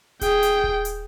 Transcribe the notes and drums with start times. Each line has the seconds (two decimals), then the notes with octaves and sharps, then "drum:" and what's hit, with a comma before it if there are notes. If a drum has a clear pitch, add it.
0.21 G#4 G5, drum: kick D#1, hi-hat
0.43 drum: hi-hat
0.64 drum: kick D#1
0.85 drum: hi-hat